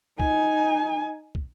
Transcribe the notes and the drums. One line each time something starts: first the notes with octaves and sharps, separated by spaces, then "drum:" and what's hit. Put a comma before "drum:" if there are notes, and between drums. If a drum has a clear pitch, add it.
D#4 G#5, drum: kick
drum: kick